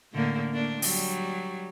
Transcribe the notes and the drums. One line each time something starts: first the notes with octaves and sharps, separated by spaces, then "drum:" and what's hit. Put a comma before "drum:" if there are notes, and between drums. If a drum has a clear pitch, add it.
A2 D3 A#3
A3 A#3 D4
F#3 G3, drum: open hi-hat